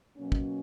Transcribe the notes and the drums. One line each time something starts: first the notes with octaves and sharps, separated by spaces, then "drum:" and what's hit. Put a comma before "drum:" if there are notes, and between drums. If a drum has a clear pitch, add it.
B2 F#3 A#3 C#4
drum: kick